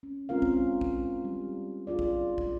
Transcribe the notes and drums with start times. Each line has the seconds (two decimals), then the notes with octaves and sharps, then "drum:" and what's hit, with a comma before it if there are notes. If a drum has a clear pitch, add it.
0.03 C#4
0.29 G#3 C4 C#4 F4 A#4 F5
0.42 drum: kick
0.81 drum: kick
1.24 G3
1.87 D4 F4 G#4 D5
1.99 drum: kick
2.38 drum: kick